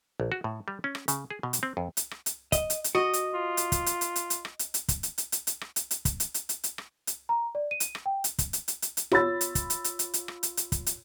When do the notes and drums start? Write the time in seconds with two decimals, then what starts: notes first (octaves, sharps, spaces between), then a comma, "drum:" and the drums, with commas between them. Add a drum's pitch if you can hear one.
0.20 A#1
0.32 F#4
0.44 A2
0.68 G3
0.84 C#4
0.95 drum: rim click
1.08 C#3, drum: hi-hat
1.30 G#4
1.43 B2
1.53 drum: hi-hat
1.63 C4
1.77 F2
1.97 drum: hi-hat
2.11 drum: rim click
2.26 drum: hi-hat
2.52 D#5, drum: kick, hi-hat
2.70 drum: hi-hat
2.84 drum: hi-hat
2.95 F#4 D#5
3.13 drum: hi-hat
3.34 F4
3.57 drum: hi-hat
3.72 drum: kick, hi-hat
3.86 drum: hi-hat
4.01 drum: hi-hat
4.16 drum: hi-hat
4.30 drum: hi-hat
4.45 drum: rim click
4.59 drum: hi-hat
4.74 drum: hi-hat
4.88 drum: kick, hi-hat
5.03 drum: hi-hat
5.18 drum: hi-hat
5.32 drum: hi-hat
5.47 drum: hi-hat
5.61 drum: rim click
5.76 drum: hi-hat
5.91 drum: hi-hat
6.05 drum: kick, hi-hat
6.20 drum: hi-hat
6.34 drum: hi-hat
6.49 drum: hi-hat
6.64 drum: hi-hat
6.78 drum: rim click
7.07 drum: hi-hat
7.29 A#5
7.55 D5
7.71 D#7
7.80 drum: hi-hat
7.95 drum: rim click
8.06 G5
8.24 drum: hi-hat
8.39 drum: kick, hi-hat
8.53 drum: hi-hat
8.68 drum: hi-hat
8.82 drum: hi-hat
8.97 drum: hi-hat
9.11 F4 C#5 B5 E6 A6, drum: rim click
9.41 drum: hi-hat
9.55 drum: kick, hi-hat
9.70 drum: hi-hat
9.84 drum: hi-hat
9.99 drum: hi-hat
10.14 drum: hi-hat
10.28 drum: rim click
10.43 drum: hi-hat
10.57 drum: hi-hat
10.72 drum: kick, hi-hat
10.86 drum: hi-hat